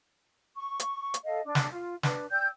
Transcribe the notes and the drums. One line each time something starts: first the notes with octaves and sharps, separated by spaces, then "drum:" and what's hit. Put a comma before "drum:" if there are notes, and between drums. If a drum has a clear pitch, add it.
C#6
drum: hi-hat
drum: hi-hat
A4 D#5 F5
D4
drum: snare
F4
D4 B4, drum: snare
D5 G5 E6 G6